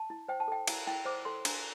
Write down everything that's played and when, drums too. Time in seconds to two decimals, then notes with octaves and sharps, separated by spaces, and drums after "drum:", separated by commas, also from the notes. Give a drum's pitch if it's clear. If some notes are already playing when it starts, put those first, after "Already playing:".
Already playing: A5
0.10 E4
0.28 C5 G5
0.40 A5
0.48 A4 G5
0.68 E4 F5, drum: cymbal
0.87 E4 G5
1.05 C5 D6
1.25 A4 C6
1.45 D4 A#5, drum: cymbal